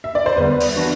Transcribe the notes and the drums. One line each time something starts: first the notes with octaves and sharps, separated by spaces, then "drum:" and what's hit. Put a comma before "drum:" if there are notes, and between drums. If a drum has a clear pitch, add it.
E5
D5
C5
E2 D3 G3 B4
drum: open hi-hat
E3 B3 D4 F#4